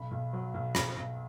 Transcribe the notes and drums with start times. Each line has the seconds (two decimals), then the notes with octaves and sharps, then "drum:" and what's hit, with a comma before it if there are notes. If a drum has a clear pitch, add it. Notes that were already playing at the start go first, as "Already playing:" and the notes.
Already playing: B1 B5
0.11 B1
0.33 F#3
0.54 B1
0.75 B1, drum: rim click
0.96 B1